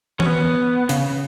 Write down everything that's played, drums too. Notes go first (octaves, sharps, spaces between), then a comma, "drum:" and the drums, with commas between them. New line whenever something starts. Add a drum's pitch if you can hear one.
C#4, drum: tom E3
B3
C#3, drum: hi-hat